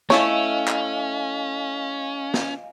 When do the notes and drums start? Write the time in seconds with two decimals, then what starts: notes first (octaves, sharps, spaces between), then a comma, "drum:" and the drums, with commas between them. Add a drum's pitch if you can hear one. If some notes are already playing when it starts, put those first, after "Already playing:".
0.10 A3 C#4 E4 A4 C#5 D#5 F5 G#5, drum: snare
0.68 drum: clap
2.34 drum: snare